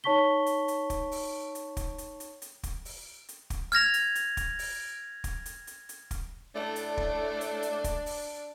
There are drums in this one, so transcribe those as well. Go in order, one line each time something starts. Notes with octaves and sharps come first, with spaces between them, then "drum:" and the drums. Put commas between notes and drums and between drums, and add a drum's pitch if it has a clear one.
D#4 C#5 A5 C#6 B6 G7
drum: hi-hat
drum: hi-hat
drum: kick, hi-hat
drum: open hi-hat
drum: hi-hat
drum: kick, hi-hat
drum: hi-hat
drum: hi-hat
drum: hi-hat
drum: kick, hi-hat
drum: open hi-hat
drum: hi-hat
drum: kick, hi-hat
F6 G#6 A#6 F7, drum: hi-hat
drum: hi-hat
drum: hi-hat
drum: kick, hi-hat
drum: open hi-hat
drum: kick, hi-hat
drum: hi-hat
drum: hi-hat
drum: hi-hat
drum: kick, hi-hat
A2 A3 D4 D5
drum: hi-hat
drum: kick
drum: hi-hat
drum: hi-hat
drum: kick, hi-hat
drum: open hi-hat